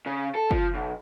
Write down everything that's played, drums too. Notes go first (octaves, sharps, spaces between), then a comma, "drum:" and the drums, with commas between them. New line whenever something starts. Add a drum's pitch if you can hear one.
C#3
A4
F3, drum: kick
B1